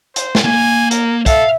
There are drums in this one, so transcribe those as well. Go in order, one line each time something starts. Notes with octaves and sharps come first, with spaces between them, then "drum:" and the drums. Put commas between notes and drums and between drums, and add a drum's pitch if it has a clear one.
C5, drum: hi-hat
drum: snare
A#3 G#5
A#4, drum: hi-hat
A4 E5 F5, drum: kick, hi-hat